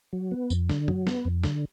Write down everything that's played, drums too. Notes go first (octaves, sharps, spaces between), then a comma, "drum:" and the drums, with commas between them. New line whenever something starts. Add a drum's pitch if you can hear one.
F#3
B3
F2, drum: tambourine
D3, drum: snare
F#3, drum: tom F#2
B3, drum: snare
F2
D3, drum: snare